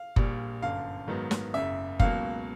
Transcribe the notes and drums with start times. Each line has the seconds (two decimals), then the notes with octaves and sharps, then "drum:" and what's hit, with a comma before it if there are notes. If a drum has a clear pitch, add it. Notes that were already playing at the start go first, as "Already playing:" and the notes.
Already playing: F5
0.16 A#1 A#2 G3, drum: kick F#1
0.62 G1 F#2 D3 F5
1.08 G#2 D#3 F#3 B3
1.31 drum: snare
1.54 F#1 F#2 C#3 E5
2.00 C#2 B2 F#3 A#3 F5, drum: kick F#1